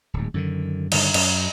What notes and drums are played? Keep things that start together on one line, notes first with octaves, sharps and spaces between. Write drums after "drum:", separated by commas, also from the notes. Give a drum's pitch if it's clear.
D1 G#2
F#2 D3 D#3
G2 D3 D#3, drum: cymbal
F#2, drum: cymbal